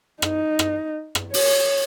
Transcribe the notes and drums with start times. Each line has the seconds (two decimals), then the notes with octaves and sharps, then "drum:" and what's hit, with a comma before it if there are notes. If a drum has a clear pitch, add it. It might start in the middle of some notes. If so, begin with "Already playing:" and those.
0.22 D#4, drum: rim click
0.59 drum: rim click
1.15 drum: rim click
1.34 C#5, drum: open hi-hat